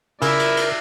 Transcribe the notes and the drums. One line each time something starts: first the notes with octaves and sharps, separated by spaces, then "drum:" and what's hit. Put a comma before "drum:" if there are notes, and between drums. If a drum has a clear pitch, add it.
C#3 E4 A#4 D5 E5, drum: cymbal
drum: cymbal
drum: cymbal